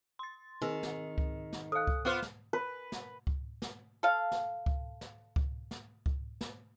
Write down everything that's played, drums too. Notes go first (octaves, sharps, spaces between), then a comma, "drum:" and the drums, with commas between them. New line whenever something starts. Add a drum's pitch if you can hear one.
C6 A6
D#3 C4 G#4
drum: snare
drum: kick C#2
drum: snare
A4 F5 D#6 F#6
drum: kick C#2
B3 F4 C5 D6 F6 F#6
drum: snare
B4
drum: snare
drum: kick C#2
drum: snare
A4 F5
drum: snare
drum: kick C#2
drum: snare
drum: kick C#2
drum: snare
drum: kick C#2
drum: snare